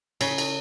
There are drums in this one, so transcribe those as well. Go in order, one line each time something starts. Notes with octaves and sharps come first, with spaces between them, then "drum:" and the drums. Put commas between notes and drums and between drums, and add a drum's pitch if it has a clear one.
C#3, drum: cymbal
drum: cymbal